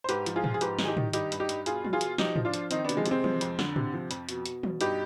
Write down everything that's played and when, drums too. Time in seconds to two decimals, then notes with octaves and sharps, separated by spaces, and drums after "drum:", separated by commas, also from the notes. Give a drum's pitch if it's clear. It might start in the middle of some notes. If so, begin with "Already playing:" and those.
0.04 C5
0.09 G#2 G4 B4, drum: hi-hat
0.26 F3, drum: hi-hat
0.36 F4 G#4
0.44 F3, drum: tom
0.54 G#4
0.61 G#2 G4 B4, drum: hi-hat
0.79 D#3, drum: snare
0.84 G#4
0.88 D#4 G4
0.97 D#3, drum: tom
1.13 G2 D#4 G4, drum: hi-hat
1.32 G2, drum: hi-hat
1.40 D#4 G4
1.49 G2, drum: hi-hat
1.66 B2 F4 G#4, drum: hi-hat
1.85 B2, drum: tom
1.93 F4 G#4
2.01 B2, drum: hi-hat
2.18 F3 D#4 G4, drum: snare
2.36 F3, drum: tom
2.45 D4 F4
2.54 F3, drum: hi-hat
2.71 D#3 C4 D#4, drum: hi-hat
2.84 B3 D4
2.89 C3, drum: hi-hat
2.97 F3 G#3
3.06 C3, drum: hi-hat
3.11 G#3 C4
3.24 F3, drum: tom
3.41 F2, drum: hi-hat
3.59 D3, drum: snare
3.76 C3, drum: tom
3.94 F3
4.11 F2, drum: hi-hat
4.29 B2, drum: hi-hat
4.46 B2, drum: hi-hat
4.63 B2, drum: tom
4.81 G2 D#4 G4, drum: hi-hat